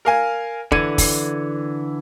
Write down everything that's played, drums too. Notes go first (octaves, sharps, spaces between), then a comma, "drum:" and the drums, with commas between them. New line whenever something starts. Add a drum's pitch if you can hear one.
A#4 F5 G#5
D3 E3 G#6 C#7 D#7, drum: kick
drum: kick, open hi-hat